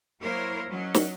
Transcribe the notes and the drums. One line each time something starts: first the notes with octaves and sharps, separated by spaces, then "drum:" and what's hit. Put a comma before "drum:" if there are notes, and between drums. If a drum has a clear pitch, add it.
F#3 A#3 E4 A#4 C5 C#5
F#3 C#4 D#5
drum: snare